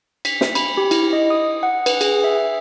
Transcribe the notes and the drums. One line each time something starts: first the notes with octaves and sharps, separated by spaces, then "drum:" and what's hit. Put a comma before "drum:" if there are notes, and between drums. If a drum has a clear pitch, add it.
B6, drum: cymbal
drum: snare
B5, drum: cymbal
G4
E4, drum: cymbal
D#5
D#6
F#5
B4, drum: cymbal
G#4, drum: cymbal
E5